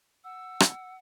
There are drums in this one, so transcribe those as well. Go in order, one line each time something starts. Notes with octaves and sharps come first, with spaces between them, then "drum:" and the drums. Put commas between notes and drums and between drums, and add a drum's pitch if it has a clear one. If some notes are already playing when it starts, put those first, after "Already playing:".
F#5 E6
drum: rim click